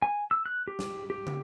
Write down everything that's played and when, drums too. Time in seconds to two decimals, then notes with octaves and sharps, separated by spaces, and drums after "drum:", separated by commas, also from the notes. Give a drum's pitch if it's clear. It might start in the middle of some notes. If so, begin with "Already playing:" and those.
0.02 G#5
0.31 E6
0.46 F#6
0.68 G4
0.79 drum: snare
1.10 G4
1.27 drum: tom